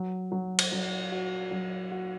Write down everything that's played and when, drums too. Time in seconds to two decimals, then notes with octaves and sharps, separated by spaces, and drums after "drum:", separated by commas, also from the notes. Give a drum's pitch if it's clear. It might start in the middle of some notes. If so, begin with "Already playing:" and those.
Already playing: F#3
0.32 F#3
0.59 drum: cymbal
0.72 F#3
1.12 F#4
1.51 F#3
1.91 F#4